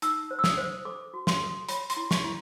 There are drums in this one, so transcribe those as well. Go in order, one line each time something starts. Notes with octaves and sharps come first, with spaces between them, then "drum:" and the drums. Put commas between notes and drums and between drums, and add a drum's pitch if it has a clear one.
D#4 E6, drum: hi-hat
C5
E6
D#6, drum: snare
C5
A4 D6
F#4
C6, drum: snare
A4
C#5 B5, drum: hi-hat
C6, drum: hi-hat
E4
C#6, drum: snare
E4